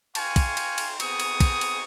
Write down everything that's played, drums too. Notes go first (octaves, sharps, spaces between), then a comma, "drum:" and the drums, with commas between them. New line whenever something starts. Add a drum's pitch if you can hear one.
F5 G5 G#5 C6 C#6, drum: cymbal
drum: kick, cymbal
drum: cymbal
drum: cymbal
B3 C4 G#4 C#6 D#6, drum: cymbal
drum: cymbal
drum: kick, cymbal
drum: cymbal